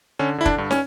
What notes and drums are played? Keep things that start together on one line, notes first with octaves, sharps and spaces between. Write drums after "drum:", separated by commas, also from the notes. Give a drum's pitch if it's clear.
D3 C#4
D3 E4
D4, drum: kick
G2
C#4, drum: snare